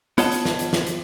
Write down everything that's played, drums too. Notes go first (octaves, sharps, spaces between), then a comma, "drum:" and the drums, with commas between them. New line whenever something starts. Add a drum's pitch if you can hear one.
B3 F4 C#5 D#5 F#5 A5, drum: hi-hat
drum: hi-hat
drum: snare
drum: hi-hat
drum: snare
drum: hi-hat